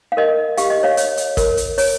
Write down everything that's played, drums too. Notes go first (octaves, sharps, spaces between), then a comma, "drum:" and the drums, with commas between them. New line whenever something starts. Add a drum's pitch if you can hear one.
F5
A#4 D#5
G4 F5, drum: hi-hat
D#5
C#5 F5
C#5, drum: hi-hat
drum: hi-hat
A#4, drum: kick, hi-hat
drum: hi-hat
C#5, drum: open hi-hat